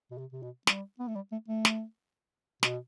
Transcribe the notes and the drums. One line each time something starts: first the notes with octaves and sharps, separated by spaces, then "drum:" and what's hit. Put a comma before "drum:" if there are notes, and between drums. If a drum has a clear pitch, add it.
B2
C3
C3
B2
G3, drum: snare
B3
A3
G3
A3
A3
drum: snare
B2, drum: snare